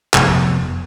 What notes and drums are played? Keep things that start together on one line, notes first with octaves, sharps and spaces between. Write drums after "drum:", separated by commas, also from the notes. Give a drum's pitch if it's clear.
F1 F2 B3, drum: clap